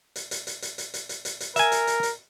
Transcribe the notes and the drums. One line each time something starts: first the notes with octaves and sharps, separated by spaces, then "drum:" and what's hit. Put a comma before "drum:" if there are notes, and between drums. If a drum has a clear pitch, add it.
drum: hi-hat
drum: hi-hat
drum: hi-hat
drum: hi-hat
drum: hi-hat
drum: hi-hat
drum: hi-hat
drum: hi-hat
drum: hi-hat
A#4 E5 G#5, drum: hi-hat
drum: hi-hat
drum: hi-hat
drum: hi-hat